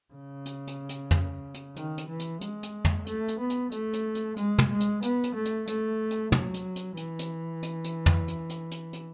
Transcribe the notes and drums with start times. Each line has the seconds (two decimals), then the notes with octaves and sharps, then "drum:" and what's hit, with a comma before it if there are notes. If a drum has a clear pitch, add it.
0.14 C#3
0.46 drum: hi-hat
0.67 drum: hi-hat
0.89 drum: hi-hat
1.11 drum: tom
1.54 drum: hi-hat
1.76 D#3, drum: hi-hat
1.98 drum: hi-hat
2.08 E3
2.19 drum: hi-hat
2.41 G#3, drum: hi-hat
2.63 drum: hi-hat
2.85 drum: tom
3.06 A3, drum: hi-hat
3.28 drum: hi-hat
3.39 B3
3.50 drum: hi-hat
3.71 A3, drum: hi-hat
3.93 drum: hi-hat
4.15 drum: hi-hat
4.37 G#3, drum: hi-hat
4.58 drum: tom
4.70 G#3
4.80 drum: hi-hat
5.02 B3, drum: hi-hat
5.24 drum: hi-hat
5.34 A3
5.45 drum: hi-hat
5.67 A3, drum: hi-hat
6.11 drum: hi-hat
6.32 F#3, drum: tom
6.54 drum: hi-hat
6.76 drum: hi-hat
6.97 E3, drum: hi-hat
7.19 drum: hi-hat
7.63 drum: hi-hat
7.84 drum: hi-hat
8.06 drum: tom
8.28 drum: hi-hat
8.50 drum: hi-hat
8.71 drum: hi-hat
8.93 drum: hi-hat